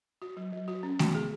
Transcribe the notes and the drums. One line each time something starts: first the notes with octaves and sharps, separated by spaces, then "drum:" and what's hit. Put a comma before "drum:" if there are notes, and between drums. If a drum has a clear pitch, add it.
F#4
F#3
F#3
F#4
C#4
F#4, drum: snare A3
G#4